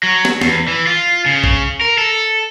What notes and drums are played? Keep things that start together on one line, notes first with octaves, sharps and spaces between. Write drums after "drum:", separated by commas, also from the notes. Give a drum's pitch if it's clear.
F#3
drum: snare
E2, drum: snare
E3
F4
C#3
drum: kick
A#4
A4